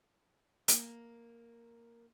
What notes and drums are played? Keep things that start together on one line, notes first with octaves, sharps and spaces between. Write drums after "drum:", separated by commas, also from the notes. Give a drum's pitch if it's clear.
A#3, drum: hi-hat